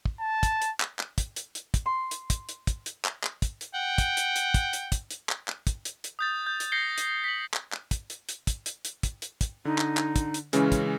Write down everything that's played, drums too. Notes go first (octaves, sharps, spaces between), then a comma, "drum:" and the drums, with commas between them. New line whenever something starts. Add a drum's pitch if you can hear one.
drum: kick
A5
drum: kick, hi-hat
drum: hi-hat
drum: clap
drum: clap
drum: kick, hi-hat
drum: hi-hat
drum: hi-hat
drum: kick, hi-hat
C6
drum: hi-hat
drum: kick, hi-hat
drum: hi-hat
drum: kick, hi-hat
drum: hi-hat
drum: clap
drum: clap
drum: kick, hi-hat
drum: hi-hat
F#5 G5
drum: kick, hi-hat
drum: hi-hat
drum: hi-hat
drum: kick, hi-hat
drum: hi-hat
drum: kick, hi-hat
drum: hi-hat
drum: clap
drum: clap
drum: kick, hi-hat
drum: hi-hat
drum: hi-hat
D#6 G6 A6
G6
drum: hi-hat
G6 A6 A#6 C7 C#7 G7
drum: hi-hat
B6 F#7
drum: clap
drum: clap
drum: kick, hi-hat
drum: hi-hat
drum: hi-hat
drum: kick, hi-hat
drum: hi-hat
drum: hi-hat
drum: kick, hi-hat
drum: hi-hat
drum: kick, hi-hat
D3 D#4
drum: clap
drum: clap
drum: kick, hi-hat
drum: hi-hat
C#3 E3 G#3 C#4, drum: hi-hat
drum: kick, hi-hat